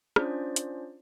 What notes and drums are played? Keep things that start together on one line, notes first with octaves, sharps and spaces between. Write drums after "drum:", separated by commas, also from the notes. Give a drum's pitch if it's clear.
C#4 D4 F4 C5 D5, drum: rim click
drum: hi-hat